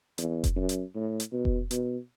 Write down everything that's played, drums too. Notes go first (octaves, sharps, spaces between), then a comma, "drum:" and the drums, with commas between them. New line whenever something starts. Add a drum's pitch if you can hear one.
E2, drum: hi-hat
drum: kick F1, hi-hat
F#2
drum: hi-hat
A2
drum: hi-hat
B2
drum: kick F1
B2, drum: hi-hat